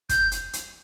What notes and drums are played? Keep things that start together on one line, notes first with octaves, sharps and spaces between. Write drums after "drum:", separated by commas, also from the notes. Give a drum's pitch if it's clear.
G6, drum: kick, hi-hat
drum: hi-hat
drum: hi-hat